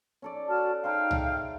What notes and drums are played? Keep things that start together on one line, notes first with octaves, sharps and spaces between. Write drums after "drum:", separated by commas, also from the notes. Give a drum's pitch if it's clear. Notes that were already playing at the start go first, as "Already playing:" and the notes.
C#4 A4 D5
F#4 A5 F6
D#4 G#4 C5 F5 G5 F6
A4 E5, drum: tom C2